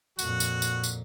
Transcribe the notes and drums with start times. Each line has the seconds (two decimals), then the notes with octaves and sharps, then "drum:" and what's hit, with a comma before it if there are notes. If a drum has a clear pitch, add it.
0.19 F2 A#2 F#4 F#5, drum: tambourine
0.40 drum: tambourine
0.62 drum: tambourine
0.84 drum: tambourine